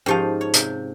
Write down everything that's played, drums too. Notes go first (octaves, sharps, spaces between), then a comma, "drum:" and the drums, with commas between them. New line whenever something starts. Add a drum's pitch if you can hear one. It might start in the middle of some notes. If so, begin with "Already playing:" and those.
G#2 F3 C#4 G4 F5 A5
C#5
C3, drum: hi-hat